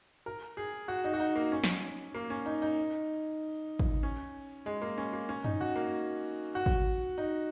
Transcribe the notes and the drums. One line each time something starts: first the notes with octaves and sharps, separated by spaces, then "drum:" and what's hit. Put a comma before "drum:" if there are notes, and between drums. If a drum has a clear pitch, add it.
A#4
G#4
F#4
D#4
F#4
D#4
A#3
C#4
drum: snare
A#3
C#4
D#4
D#4
drum: kick G#1
C#4
G#3
A#3
C#4
A#3
C#4
D#4, drum: tom F#2
F#4
A#3
F#4
drum: kick G#1
D#4